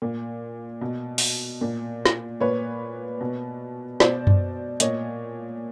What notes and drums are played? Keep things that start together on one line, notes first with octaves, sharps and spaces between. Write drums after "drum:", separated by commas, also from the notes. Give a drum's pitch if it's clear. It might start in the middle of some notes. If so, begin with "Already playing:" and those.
A#2
B2
drum: open hi-hat
A#2
drum: snare
A#2 B4 C#5
B2
B2 C5 D5, drum: snare
drum: tom F#2
A#2 C#5 D#5, drum: hi-hat